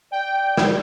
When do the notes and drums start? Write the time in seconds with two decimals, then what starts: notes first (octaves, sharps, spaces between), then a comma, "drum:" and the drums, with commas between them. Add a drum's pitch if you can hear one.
0.12 D5 G5
0.57 drum: snare